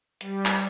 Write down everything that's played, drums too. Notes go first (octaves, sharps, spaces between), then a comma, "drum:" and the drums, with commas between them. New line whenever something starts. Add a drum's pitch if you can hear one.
G3, drum: hi-hat
drum: clap